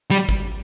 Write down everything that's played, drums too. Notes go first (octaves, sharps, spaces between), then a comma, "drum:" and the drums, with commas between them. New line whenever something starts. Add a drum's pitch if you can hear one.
G3
drum: kick